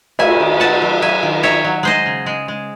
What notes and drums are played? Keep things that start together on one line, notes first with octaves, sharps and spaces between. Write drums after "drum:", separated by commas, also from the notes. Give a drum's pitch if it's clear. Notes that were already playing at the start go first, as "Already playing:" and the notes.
A3 E5 G#5, drum: cymbal
D#3
D#3 F#5 A5
F#3
F#3 E5 G#5
D#3
D#3 C#5 E5
F#3
G#3 C5 D#5
C#3
G#3
G#3